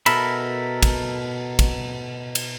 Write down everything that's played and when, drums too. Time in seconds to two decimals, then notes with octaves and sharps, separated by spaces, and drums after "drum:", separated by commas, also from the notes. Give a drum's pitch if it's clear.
0.06 B2 A4 A#4 E5 B5, drum: cymbal
0.83 drum: kick, cymbal
1.59 drum: kick, cymbal
2.35 drum: cymbal